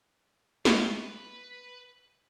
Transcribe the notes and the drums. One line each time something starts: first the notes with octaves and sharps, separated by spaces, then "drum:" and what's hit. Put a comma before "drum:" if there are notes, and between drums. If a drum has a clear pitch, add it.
F4, drum: snare
B4